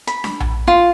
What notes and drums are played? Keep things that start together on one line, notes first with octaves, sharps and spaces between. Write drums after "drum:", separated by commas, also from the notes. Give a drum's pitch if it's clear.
B5, drum: hi-hat
drum: snare D4
drum: tom A#1
F4